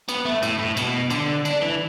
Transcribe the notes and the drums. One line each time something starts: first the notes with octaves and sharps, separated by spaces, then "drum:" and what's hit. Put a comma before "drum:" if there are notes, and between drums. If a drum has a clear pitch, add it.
B3, drum: cymbal
A3
A2, drum: cymbal
A2
B2, drum: cymbal
D3, drum: cymbal
D4, drum: cymbal
E3